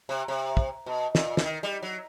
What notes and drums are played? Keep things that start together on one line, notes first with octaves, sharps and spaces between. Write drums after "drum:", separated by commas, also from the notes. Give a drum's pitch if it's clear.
C3
C3
drum: kick
B2
A#2, drum: snare
E3, drum: snare
D#3
G3
F#3